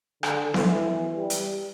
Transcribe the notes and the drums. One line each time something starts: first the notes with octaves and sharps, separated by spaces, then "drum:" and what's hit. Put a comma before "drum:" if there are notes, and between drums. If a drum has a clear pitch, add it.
D3, drum: rim click
E3, drum: snare B3
G3
drum: hi-hat